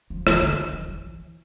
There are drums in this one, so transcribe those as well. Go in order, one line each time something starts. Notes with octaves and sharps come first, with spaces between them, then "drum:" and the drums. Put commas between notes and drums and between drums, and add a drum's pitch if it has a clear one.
F3
E3, drum: rim click
D3
F3
E3